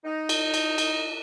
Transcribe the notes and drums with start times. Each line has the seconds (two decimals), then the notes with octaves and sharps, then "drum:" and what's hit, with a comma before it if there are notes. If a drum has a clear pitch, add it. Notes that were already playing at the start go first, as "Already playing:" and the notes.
0.05 D#4
0.29 drum: cymbal
0.54 drum: cymbal
0.78 drum: cymbal